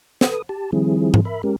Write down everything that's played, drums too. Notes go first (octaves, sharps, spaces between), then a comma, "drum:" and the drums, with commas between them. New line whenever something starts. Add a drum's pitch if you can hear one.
A4 B4 D#6, drum: snare
G4 A5
D#3 F3 G3 C4 E4 G#4
drum: tom G#2
A#4 E5 B5
G#3 C#4 G4 A#4